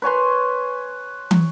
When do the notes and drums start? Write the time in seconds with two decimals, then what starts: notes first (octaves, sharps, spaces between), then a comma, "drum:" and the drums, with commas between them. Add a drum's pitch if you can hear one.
0.02 B4 C#5 G#5 C6
1.31 drum: tom